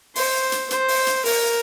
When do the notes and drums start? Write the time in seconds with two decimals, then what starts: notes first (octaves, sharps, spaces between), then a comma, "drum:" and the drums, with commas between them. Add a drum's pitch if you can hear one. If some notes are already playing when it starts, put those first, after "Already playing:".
0.15 C5, drum: open hi-hat
0.52 drum: hi-hat
0.71 C5, drum: hi-hat
0.88 drum: open hi-hat
1.07 drum: hi-hat
1.25 A#4, drum: open hi-hat